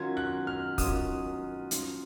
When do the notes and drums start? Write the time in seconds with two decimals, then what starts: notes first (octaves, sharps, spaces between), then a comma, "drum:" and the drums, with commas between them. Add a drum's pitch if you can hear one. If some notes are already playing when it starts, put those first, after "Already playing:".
Already playing: D#3 F#3 C#4 F4 G#6
0.17 F#6
0.47 F6
0.78 D#3 F#3 C#4 F4 D#6, drum: kick, open hi-hat
1.71 F#3 C#4 F4, drum: hi-hat